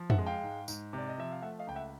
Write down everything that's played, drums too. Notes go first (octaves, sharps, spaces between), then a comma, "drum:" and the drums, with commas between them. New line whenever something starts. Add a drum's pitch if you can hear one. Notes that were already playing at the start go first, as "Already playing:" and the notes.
Already playing: F3
E5 F#5, drum: tom
G#3
F5 G5
G#2
G#2, drum: tambourine
C3
D5
D#5
F3 E5
F5
A3 E5 F#5
D#5 F5
C#2 G5
E5 F#5